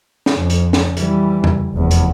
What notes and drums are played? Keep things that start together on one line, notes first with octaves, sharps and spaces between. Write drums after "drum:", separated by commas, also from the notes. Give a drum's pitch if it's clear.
drum: snare
F2
drum: hi-hat
drum: snare
E3 G3, drum: hi-hat
drum: tom E2
F1 E2
drum: hi-hat